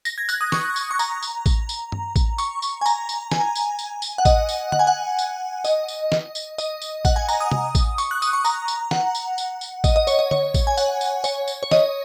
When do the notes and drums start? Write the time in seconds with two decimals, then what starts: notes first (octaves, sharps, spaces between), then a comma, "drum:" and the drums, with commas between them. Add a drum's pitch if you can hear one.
0.05 A#6, drum: tambourine
0.18 G#6
0.29 F#6, drum: tambourine
0.41 D#6
0.52 C#6, drum: snare
0.76 drum: tambourine
0.91 C#6
0.99 A#5, drum: tambourine
1.22 drum: tambourine
1.46 drum: kick A1, tambourine
1.69 drum: tambourine
1.92 drum: tom G2
2.16 drum: kick A1, tambourine
2.38 C#6, drum: tambourine
2.62 drum: tambourine
2.81 G#5
2.86 A#5, drum: tambourine
3.09 drum: tambourine
3.31 G#5, drum: snare
3.55 drum: tambourine
3.79 drum: tambourine
4.02 drum: tambourine
4.18 F#5
4.25 D#5, drum: kick A1, tambourine
4.49 drum: tambourine
4.72 F#5, drum: tom D3
4.79 G#5
4.87 F#5
5.18 drum: tambourine
5.64 D#5, drum: tambourine
5.88 drum: tambourine
6.12 drum: snare
6.35 drum: tambourine
6.58 D#5, drum: tambourine
6.82 drum: tambourine
7.05 F#5, drum: kick A1, tambourine
7.16 G#5
7.29 A#5, drum: tambourine
7.40 D#6
7.51 drum: tom C3
7.75 drum: kick A1, tambourine
7.98 C#6, drum: tambourine
8.11 F#6
8.22 D#6, drum: tambourine
8.33 C#6
8.45 A#5, drum: tambourine
8.68 drum: tambourine
8.91 F#5, drum: snare
9.15 drum: tambourine
9.38 drum: tambourine
9.61 drum: tambourine
9.84 D#5, drum: kick A1, tambourine
9.96 D#5
10.07 C#5, drum: tambourine
10.19 D#5
10.31 C#5, drum: tom D3
10.54 drum: kick A1, tambourine
10.67 G#5
10.77 F#5, drum: tambourine
11.01 drum: tambourine
11.24 C#5, drum: tambourine
11.48 drum: tambourine
11.63 C#5
11.71 D#5, drum: snare